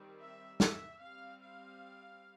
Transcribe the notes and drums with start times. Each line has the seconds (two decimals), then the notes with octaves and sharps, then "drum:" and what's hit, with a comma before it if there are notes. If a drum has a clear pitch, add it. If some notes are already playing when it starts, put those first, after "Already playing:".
Already playing: D#3 G3 C4
0.19 E5
0.60 E5, drum: snare
1.01 G3 C4 F5
1.42 F5